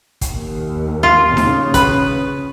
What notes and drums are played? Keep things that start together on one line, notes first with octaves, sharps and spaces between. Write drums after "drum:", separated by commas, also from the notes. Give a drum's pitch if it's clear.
drum: kick, hi-hat
D#2
F4
C#3, drum: snare D#4
B4, drum: kick, hi-hat